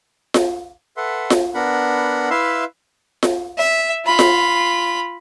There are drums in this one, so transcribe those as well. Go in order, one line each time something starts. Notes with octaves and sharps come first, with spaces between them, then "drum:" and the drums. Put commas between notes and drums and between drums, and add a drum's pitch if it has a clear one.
drum: snare F4
A4 B4 E5 F#5 C6
drum: snare F4
B3 D4 A#4 F#5 B5
E4 B4 E5 F5 C6 E6
drum: snare F4
E5
F4 B5
drum: snare F4